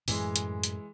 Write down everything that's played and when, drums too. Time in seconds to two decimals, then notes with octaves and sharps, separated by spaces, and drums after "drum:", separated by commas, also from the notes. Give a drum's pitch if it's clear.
0.08 F#2 A2 E3 G#3, drum: open hi-hat
0.36 drum: hi-hat
0.64 drum: hi-hat